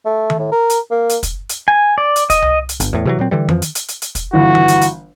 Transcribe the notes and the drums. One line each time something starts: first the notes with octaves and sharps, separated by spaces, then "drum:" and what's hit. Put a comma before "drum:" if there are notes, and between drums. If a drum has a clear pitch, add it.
A3
drum: tom D#3
A2
A#4
drum: hi-hat
A#3
drum: hi-hat
drum: kick, hi-hat
drum: hi-hat
G#5
D5
drum: hi-hat
D#5, drum: kick, hi-hat
drum: tom C2
drum: hi-hat
G1, drum: hi-hat
E2 A2
C3 E3 F#3
A#2 F#3 C4
D3 E3 G3
F2 E3 F3, drum: tom D#3
drum: hi-hat
drum: hi-hat
drum: hi-hat
drum: hi-hat
drum: kick, hi-hat
G1 E3 F#4
drum: tom D#3
drum: hi-hat
drum: hi-hat